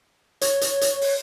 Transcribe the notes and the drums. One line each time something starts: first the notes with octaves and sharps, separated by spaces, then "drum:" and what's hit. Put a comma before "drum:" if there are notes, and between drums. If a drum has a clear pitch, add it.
C#5, drum: hi-hat
drum: hi-hat
drum: hi-hat
drum: open hi-hat